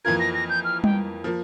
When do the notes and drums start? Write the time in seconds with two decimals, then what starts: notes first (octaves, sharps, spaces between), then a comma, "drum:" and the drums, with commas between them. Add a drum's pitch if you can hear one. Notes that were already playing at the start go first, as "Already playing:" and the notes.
0.05 F2 E3 A#3 F4 A#4 G#6
0.19 A#6
0.34 A#6
0.49 G6
0.64 F6
0.84 G5, drum: tom G3
1.24 F3 A#3